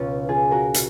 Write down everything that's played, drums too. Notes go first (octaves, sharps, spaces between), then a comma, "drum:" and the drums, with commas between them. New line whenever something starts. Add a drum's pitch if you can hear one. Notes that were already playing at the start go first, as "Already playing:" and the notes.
Already playing: C#2 B2 C#4 F4
F4 G#4
F#4 A#4
drum: hi-hat